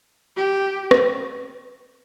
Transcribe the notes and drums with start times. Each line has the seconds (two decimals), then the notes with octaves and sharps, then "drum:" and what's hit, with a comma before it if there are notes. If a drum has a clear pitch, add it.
0.37 G4
0.91 drum: rim click